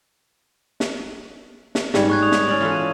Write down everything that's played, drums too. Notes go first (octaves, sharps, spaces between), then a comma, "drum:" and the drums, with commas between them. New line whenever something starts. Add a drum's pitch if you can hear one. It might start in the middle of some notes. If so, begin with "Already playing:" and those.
drum: snare
drum: snare
G#2 G3 C#5, drum: snare
C#6 F#6 G#6
D#6 F7
drum: snare
C#4 D5
E3 F4 A4
D#7